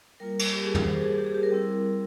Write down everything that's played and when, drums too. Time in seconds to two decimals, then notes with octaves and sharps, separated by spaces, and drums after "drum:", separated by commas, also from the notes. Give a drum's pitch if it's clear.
0.20 G3 A#3 F4 A#4
0.39 drum: cymbal
0.52 G4
0.64 G#4
0.74 G#4, drum: tom
0.86 C5
1.02 G#4
1.18 G4
1.26 G#4
1.35 G4
1.43 A#4
1.51 G3 C4 E4